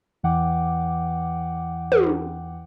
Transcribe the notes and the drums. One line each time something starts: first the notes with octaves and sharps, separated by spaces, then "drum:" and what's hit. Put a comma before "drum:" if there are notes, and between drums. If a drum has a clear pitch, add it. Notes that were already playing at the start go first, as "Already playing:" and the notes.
E2 E3 F#5 G5 D6
drum: tom